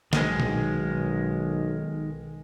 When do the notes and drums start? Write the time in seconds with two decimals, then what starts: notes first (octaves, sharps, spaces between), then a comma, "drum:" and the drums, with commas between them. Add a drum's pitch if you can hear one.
0.13 B1 D#3 G#3, drum: snare
0.40 drum: tom A#2